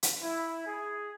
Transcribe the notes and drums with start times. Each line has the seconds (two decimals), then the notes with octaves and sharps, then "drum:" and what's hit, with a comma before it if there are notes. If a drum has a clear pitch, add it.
0.03 drum: hi-hat
0.22 E4
0.67 G#4